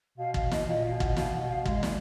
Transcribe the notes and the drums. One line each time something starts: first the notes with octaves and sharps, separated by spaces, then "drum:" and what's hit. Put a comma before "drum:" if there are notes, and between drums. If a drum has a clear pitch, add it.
B2 F5
F5, drum: kick
D#5, drum: snare
A#2 D#5
F5
B2
F#5, drum: kick
B2 F5, drum: snare
F#5
B2
F5
G#3 F5, drum: kick
D#5
D5, drum: snare